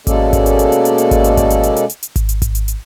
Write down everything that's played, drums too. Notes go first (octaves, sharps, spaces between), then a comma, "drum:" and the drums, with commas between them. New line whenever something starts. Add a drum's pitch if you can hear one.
B2 G#3 A#3 C#4 A4 D5, drum: kick G#1, hi-hat
drum: kick G#1, hi-hat
drum: hi-hat
drum: hi-hat
drum: hi-hat
drum: hi-hat
drum: hi-hat
drum: kick G#1, hi-hat
drum: hi-hat
drum: kick G#1, hi-hat
drum: hi-hat
drum: hi-hat
drum: hi-hat
drum: hi-hat
drum: hi-hat
drum: kick G#1, hi-hat
drum: hi-hat
drum: kick G#1, hi-hat
drum: hi-hat
drum: hi-hat